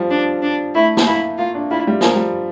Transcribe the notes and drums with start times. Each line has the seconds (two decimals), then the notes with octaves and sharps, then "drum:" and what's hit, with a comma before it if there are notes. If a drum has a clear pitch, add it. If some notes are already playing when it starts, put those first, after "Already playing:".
Already playing: F3 G3
0.11 D4
0.43 D4
0.75 A3 E4
0.97 drum: snare
1.07 A#3 E4
1.38 A#3 F4
1.55 D4
1.71 E4 F4
1.87 G3
2.01 F3 A#4, drum: snare
2.15 G3